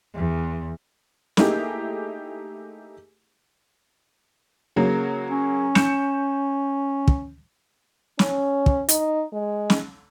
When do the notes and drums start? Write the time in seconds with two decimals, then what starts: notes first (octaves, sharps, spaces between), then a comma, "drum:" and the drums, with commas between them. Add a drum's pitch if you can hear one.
0.15 E2
1.37 A3 A#3 D#4 E4 G4 G#4, drum: snare
4.76 C#3 F#3 A#3
5.31 C#4
5.75 G6 C#7 E7, drum: snare
7.08 drum: kick
8.19 C#4, drum: snare
8.66 drum: kick
8.89 D#4, drum: hi-hat
9.33 G#3
9.70 drum: snare